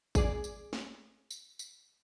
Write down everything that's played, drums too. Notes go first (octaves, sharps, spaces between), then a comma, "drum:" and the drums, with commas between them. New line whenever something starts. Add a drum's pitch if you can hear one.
G#1 G#4 D5, drum: kick G#1, tambourine
drum: tambourine
drum: snare
drum: tambourine
drum: tambourine